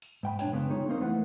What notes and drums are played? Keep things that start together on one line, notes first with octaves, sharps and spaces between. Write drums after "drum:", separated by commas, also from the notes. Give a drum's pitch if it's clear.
drum: tambourine
G#2 G5 B5
B2 D4 C#5 G5, drum: tambourine
F#2 C#3 G#3 B3
D#4 F4 G#4 C#5
A#3 C4 D#4 A#4 C5
E2 A3 E4 B4 F#5